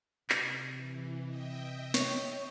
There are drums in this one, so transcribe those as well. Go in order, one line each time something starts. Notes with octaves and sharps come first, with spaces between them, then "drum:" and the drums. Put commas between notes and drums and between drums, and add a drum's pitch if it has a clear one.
C3, drum: clap
E3
D#5 E5 G5
C#5, drum: snare